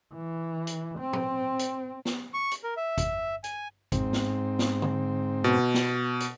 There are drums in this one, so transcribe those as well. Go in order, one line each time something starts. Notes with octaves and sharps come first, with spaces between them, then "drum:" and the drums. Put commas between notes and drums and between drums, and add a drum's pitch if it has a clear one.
E3
drum: hi-hat
C4
drum: tom
drum: hi-hat
drum: snare
C#6
drum: hi-hat
A#4
E5
drum: kick, hi-hat
G#5, drum: hi-hat
G#2 C4, drum: kick, hi-hat
drum: snare
drum: snare
drum: tom D3
B2
drum: snare
drum: hi-hat